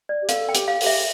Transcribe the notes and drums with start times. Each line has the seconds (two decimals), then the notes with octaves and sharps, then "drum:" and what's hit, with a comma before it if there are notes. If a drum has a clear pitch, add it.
0.09 D5
0.22 G4
0.29 A4 F5, drum: hi-hat
0.49 G5
0.55 G4, drum: hi-hat
0.68 F5
0.81 G4, drum: open hi-hat
0.86 E5